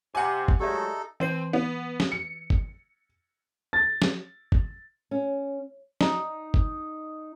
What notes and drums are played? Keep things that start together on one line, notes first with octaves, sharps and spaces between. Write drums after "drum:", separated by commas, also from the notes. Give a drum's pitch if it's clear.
C3 F#5 G#5 D6
drum: kick
F#3 G#3 A3 D#4 G4 A4 D5 E5
E3 C4 B4 C7
B3
drum: snare
C#7
drum: kick
A6
drum: snare
drum: kick
C#4
D#4, drum: snare
drum: kick